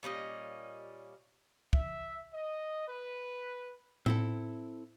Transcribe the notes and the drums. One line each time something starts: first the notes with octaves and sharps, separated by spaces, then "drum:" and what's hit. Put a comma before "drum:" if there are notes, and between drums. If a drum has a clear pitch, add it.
A#2 G3 C#4 D#5
E5, drum: kick
D#5
B4
C4 E4 A4, drum: tom A2